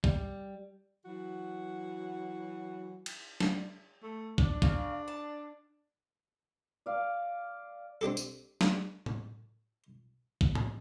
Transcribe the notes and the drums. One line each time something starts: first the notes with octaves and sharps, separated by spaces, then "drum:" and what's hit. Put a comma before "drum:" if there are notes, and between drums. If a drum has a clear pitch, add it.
G3, drum: kick
E3 F#3 F#4
drum: cymbal
drum: snare
A3
D4, drum: kick
C#3 F5, drum: kick
A5
D5 F5
C4 D4 G4 A4
drum: tambourine
drum: snare
drum: tom A2
drum: kick
drum: tom A2